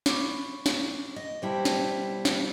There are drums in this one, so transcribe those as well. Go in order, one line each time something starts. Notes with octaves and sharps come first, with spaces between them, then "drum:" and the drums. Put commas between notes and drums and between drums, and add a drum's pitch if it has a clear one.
B5 C#6 D6, drum: snare
drum: snare
D#5
B2 G3 E4 C5 G5 A5
drum: snare
drum: snare